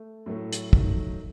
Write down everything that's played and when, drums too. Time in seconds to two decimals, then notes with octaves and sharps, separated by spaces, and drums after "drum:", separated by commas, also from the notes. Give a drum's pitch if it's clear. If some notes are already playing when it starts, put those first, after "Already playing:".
Already playing: A3
0.26 A2 F#3 A3
0.53 drum: hi-hat
0.73 D#3 F#3 A3, drum: kick